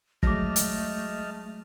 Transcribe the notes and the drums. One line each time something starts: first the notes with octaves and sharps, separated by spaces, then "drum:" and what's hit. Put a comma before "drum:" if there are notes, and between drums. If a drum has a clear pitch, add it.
F#3 G#3 A3 D#5 A5 D6 F6 A#6, drum: kick
drum: hi-hat